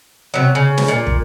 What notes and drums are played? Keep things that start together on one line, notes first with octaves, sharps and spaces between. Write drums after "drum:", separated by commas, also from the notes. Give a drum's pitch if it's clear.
C3 F#3
C#3
drum: snare
A#2
drum: kick